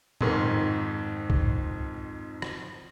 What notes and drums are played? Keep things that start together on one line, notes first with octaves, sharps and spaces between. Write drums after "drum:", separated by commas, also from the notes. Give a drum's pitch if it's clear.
F2 G#2 D#3, drum: tom A2
drum: kick
drum: rim click